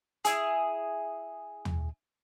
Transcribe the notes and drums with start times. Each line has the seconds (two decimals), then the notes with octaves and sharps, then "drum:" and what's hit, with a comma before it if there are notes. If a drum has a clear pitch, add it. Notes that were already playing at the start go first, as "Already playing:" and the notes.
0.25 E4 G#4, drum: hi-hat
1.65 drum: tom